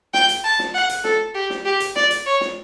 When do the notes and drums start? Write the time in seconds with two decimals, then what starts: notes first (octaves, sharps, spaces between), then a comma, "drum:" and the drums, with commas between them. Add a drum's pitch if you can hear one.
0.14 G5, drum: snare
0.29 drum: hi-hat
0.44 A5
0.59 drum: snare
0.74 F#5
0.89 drum: hi-hat
1.04 A4, drum: snare
1.35 G4
1.50 drum: snare
1.65 G4
1.80 drum: hi-hat
1.96 D5, drum: snare
2.11 drum: hi-hat
2.26 C#5
2.41 drum: snare